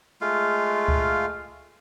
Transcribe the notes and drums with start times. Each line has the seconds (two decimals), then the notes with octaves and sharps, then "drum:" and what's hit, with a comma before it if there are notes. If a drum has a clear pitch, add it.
0.21 G#3 A3 F4 F5
0.88 drum: kick C#2